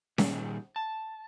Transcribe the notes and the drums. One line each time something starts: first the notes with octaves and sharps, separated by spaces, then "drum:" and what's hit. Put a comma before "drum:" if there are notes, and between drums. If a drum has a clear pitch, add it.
A#2 D#3 G3 G#4, drum: snare C#4
A5